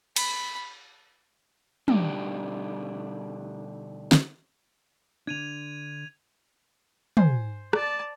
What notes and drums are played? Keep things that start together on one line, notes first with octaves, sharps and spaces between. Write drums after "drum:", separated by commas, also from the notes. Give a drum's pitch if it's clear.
B5, drum: cymbal
B2 D3 G3 D4 D#4 G4, drum: tom
drum: snare
D3 D4 G#6 D#7 F7
C5 G#5, drum: tom
D5 A5, drum: rim click